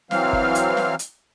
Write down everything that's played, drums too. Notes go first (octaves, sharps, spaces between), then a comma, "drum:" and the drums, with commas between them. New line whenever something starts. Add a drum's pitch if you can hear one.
E3 F#3 C4 F5 F6, drum: snare
drum: kick
drum: hi-hat
drum: snare
drum: hi-hat